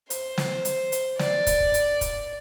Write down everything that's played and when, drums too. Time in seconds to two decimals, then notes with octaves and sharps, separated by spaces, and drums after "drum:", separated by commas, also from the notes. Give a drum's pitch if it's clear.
0.10 C5, drum: hi-hat
0.38 drum: snare
0.65 drum: hi-hat
0.92 drum: hi-hat
1.19 D5, drum: snare
1.47 drum: kick, hi-hat
1.60 drum: kick
1.74 drum: hi-hat
2.01 drum: kick, hi-hat